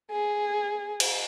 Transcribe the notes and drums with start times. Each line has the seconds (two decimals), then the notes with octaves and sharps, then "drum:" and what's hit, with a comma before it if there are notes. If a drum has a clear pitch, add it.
0.11 G#4
1.00 drum: cymbal